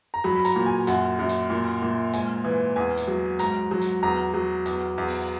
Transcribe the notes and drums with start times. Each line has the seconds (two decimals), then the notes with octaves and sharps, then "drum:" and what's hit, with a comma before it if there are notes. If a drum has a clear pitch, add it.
0.14 A#5
0.24 F#3 B5
0.35 B5
0.45 A#5, drum: hi-hat
0.56 A#2
0.66 G#5
0.87 F#2 F#5, drum: hi-hat
1.19 F#2
1.29 drum: hi-hat
1.50 A#2
1.82 A#2
2.13 G#2 G#5, drum: hi-hat
2.44 E3
2.76 E2 G#5
2.97 drum: hi-hat
3.08 F#3
3.39 G#2 A#5, drum: hi-hat
3.71 F#3
3.82 drum: hi-hat
4.03 E2 A#5
4.34 F#3
4.66 E2, drum: hi-hat
4.98 E2
5.08 drum: open hi-hat